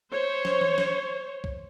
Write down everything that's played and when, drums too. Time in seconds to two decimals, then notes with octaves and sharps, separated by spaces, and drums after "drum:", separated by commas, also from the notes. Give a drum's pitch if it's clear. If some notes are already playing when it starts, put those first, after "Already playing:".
0.12 C5 C#5
0.45 drum: snare
0.61 drum: tom E3
0.78 drum: snare
1.44 drum: kick